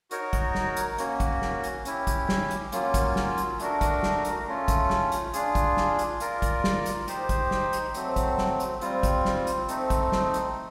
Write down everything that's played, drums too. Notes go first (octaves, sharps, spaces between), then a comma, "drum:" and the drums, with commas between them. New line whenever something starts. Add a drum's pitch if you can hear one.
D#4 F#4 A#4 C#5, drum: hi-hat
drum: kick, hi-hat
drum: snare
drum: hi-hat
A#3 C#4 F#4, drum: hi-hat
drum: kick, hi-hat
drum: snare
drum: hi-hat
C#4 E4 G4, drum: hi-hat
drum: kick, hi-hat
drum: snare
drum: hi-hat
F#3 A#3 C#4 F4, drum: hi-hat
drum: kick, hi-hat
drum: snare
drum: hi-hat
A3 D4 F#4 A#4, drum: hi-hat
drum: kick, hi-hat
drum: snare
drum: hi-hat
A3 C#4 F4
drum: kick, hi-hat
drum: snare
drum: hi-hat
D4 F4 G#4, drum: hi-hat
drum: kick, hi-hat
drum: snare
drum: hi-hat
F4 A#4 D5, drum: hi-hat
drum: kick, hi-hat
drum: snare
drum: hi-hat
D#4 G4 C5, drum: hi-hat
drum: kick, hi-hat
drum: snare
drum: hi-hat
F#3 A3 C4, drum: hi-hat
drum: kick, hi-hat
drum: snare
drum: hi-hat
G3 C4 F4, drum: hi-hat
drum: kick, hi-hat
drum: snare
drum: hi-hat
A3 C4 D#4, drum: hi-hat
drum: kick, hi-hat
drum: snare
drum: hi-hat